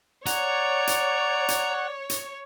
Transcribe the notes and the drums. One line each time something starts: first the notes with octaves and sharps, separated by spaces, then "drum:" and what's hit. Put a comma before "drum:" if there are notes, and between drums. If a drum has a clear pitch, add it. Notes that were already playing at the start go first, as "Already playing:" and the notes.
C#5 D5 F#5 A#5, drum: hi-hat
drum: hi-hat
drum: hi-hat
drum: hi-hat